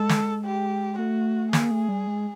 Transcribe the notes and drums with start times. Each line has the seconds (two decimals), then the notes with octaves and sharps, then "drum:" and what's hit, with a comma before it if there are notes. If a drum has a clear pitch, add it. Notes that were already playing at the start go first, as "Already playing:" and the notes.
Already playing: G#3 A4
0.09 drum: snare
0.45 G4
0.98 A3 F#4
1.53 A#3 G#4, drum: snare
1.71 A3
1.89 G3
2.07 G#3